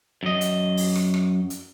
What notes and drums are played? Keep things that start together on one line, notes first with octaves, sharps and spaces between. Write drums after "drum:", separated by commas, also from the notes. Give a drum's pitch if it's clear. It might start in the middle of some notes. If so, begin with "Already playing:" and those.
F#2 D#5
drum: hi-hat
drum: open hi-hat
drum: rim click
drum: rim click
drum: hi-hat